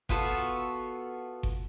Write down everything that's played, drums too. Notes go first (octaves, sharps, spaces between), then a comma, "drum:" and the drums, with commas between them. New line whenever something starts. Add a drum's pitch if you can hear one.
B3 F4 F#4 A4, drum: kick G1
drum: kick G1